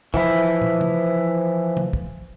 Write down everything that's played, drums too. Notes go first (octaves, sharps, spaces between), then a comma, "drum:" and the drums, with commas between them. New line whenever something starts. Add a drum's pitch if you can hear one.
E3 F3 E4, drum: kick
drum: tom
drum: tom
drum: tom
drum: kick